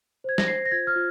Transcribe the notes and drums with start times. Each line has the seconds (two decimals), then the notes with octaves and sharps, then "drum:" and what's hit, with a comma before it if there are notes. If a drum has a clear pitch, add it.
0.24 C5 G#6
0.38 A#6, drum: snare
0.48 C5 C7
0.66 A#6
0.71 F4 G#6
0.87 F6
0.96 F4